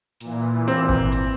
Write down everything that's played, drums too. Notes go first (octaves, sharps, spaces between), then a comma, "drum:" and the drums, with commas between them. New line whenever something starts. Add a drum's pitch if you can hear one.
A#2 E3, drum: hi-hat
C4, drum: hi-hat
drum: kick G#1
drum: hi-hat